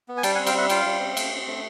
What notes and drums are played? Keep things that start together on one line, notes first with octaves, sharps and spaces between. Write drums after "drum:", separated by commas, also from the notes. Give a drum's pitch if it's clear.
B3
G#5
G3 G5 A5, drum: cymbal
F#5 G#5
C4
F5 G5, drum: cymbal
G3 E5 F#5
F4 F5 G5, drum: cymbal
G3
C4
A3, drum: cymbal
C4
A3